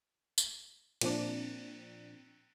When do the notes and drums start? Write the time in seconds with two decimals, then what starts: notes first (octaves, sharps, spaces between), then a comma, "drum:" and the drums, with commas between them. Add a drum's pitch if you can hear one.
0.38 drum: tambourine
1.01 A#2 F3 C4 D4, drum: cymbal